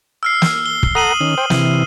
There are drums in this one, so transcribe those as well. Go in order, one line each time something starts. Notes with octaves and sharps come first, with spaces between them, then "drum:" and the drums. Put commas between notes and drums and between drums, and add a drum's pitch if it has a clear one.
E6 F6 C7
drum: snare
G7
drum: kick
A4 F#5 A#5 D#6 D#7 F#7
D#3 C#4
C5 G5
C3 E3, drum: snare